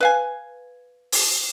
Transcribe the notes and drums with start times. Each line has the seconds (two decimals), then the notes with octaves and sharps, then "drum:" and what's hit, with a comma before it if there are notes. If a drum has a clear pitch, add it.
0.01 B4 F5 G#5
1.12 drum: open hi-hat